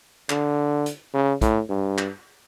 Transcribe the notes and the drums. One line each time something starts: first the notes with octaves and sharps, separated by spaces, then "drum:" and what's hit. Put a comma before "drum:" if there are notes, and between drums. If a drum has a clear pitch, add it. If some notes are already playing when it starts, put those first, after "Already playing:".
D3, drum: clap
drum: hi-hat
C#3
A2, drum: kick, hi-hat
G2
drum: clap